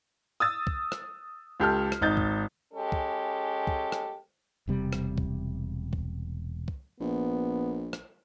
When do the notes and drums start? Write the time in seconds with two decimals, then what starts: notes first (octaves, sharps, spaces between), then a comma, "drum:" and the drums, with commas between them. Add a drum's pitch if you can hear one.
0.40 D#6 E6 A6
0.67 drum: kick
0.92 drum: rim click
1.60 C#2 G4 A4 F6
1.92 drum: rim click
2.01 G#1 D#4 G6 A6
2.17 drum: kick
2.74 G#3 C#4 G4 A4
2.92 drum: kick
3.67 drum: kick
3.92 drum: rim click
4.68 E1 C3 G3
4.93 drum: rim click
5.18 drum: kick
5.93 drum: kick
6.68 drum: kick
7.00 A#1 B3
7.93 drum: rim click